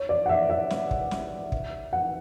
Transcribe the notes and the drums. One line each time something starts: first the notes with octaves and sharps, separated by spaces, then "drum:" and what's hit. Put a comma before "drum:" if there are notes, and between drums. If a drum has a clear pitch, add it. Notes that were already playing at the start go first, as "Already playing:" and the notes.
Already playing: C#5
D5
F#5
E5
E5
drum: snare
drum: kick
drum: snare
drum: kick
F#5